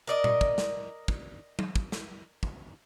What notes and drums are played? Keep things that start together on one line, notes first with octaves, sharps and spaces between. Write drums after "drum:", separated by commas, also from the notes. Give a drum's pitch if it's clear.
A#4 D5 D#5
drum: tom A#2
drum: kick
drum: snare
drum: kick
drum: tom
drum: kick
drum: snare
drum: kick